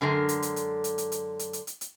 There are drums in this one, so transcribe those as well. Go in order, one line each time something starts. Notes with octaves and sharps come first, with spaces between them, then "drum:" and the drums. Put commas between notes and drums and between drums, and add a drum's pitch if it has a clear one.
F#2 D3 G#3 A#4
drum: hi-hat
drum: hi-hat
drum: hi-hat
drum: hi-hat
drum: hi-hat
drum: hi-hat
drum: hi-hat
drum: hi-hat
drum: hi-hat
drum: hi-hat